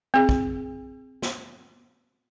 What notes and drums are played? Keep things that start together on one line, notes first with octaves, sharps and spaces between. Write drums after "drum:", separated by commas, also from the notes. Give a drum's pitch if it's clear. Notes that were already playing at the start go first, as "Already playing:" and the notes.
C4 G#4
drum: kick
drum: snare